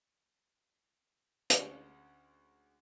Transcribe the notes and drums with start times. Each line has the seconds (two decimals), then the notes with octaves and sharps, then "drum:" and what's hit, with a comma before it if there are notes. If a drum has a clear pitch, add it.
1.50 D2 G#3 C#4, drum: hi-hat